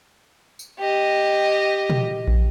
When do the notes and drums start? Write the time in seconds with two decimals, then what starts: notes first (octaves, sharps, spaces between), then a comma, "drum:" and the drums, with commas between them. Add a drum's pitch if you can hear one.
0.59 drum: tambourine
0.78 G4 D#5
1.90 drum: tom
2.28 drum: kick A#1